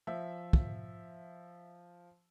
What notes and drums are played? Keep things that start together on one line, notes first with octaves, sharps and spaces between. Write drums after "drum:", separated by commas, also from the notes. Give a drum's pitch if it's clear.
F3 E5
drum: kick